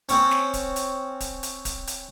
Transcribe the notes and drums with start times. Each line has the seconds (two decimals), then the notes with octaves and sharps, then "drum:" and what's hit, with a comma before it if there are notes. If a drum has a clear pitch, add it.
0.09 C4 C#4, drum: hi-hat
0.31 drum: snare
0.54 drum: kick D1, hi-hat
0.76 drum: hi-hat
1.20 drum: kick D1, hi-hat
1.43 drum: hi-hat
1.65 drum: kick D1, hi-hat
1.87 drum: hi-hat